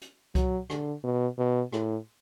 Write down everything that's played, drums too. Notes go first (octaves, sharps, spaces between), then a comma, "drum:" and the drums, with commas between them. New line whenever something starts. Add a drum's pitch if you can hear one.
drum: hi-hat
F#3, drum: kick C2, hi-hat
D3, drum: rim click
B2
B2
A2, drum: rim click